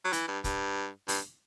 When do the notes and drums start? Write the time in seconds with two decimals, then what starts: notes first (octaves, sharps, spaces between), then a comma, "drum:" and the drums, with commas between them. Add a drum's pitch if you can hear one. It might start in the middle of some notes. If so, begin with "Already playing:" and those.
0.05 F#3
0.13 E3, drum: hi-hat
0.28 G2
0.44 G2, drum: kick, hi-hat
1.08 G2, drum: open hi-hat